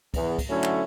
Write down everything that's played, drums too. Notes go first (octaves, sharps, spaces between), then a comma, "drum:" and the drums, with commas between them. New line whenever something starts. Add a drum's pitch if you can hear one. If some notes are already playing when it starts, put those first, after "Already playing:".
E2, drum: kick, cymbal
drum: kick, cymbal
D3 F#3 A3 C#4 E4
drum: clap